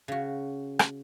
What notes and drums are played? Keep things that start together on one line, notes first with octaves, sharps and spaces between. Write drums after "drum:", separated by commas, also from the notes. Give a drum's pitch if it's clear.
C#3 F#4
drum: rim click